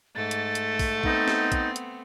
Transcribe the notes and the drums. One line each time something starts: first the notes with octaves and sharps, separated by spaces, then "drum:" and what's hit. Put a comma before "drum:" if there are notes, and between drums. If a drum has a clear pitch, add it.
G#2 A3 A6
drum: hi-hat
drum: hi-hat
drum: kick A#1, open hi-hat
B3 C4 D#4, drum: kick A#1
drum: snare
drum: kick A#1, hi-hat
drum: hi-hat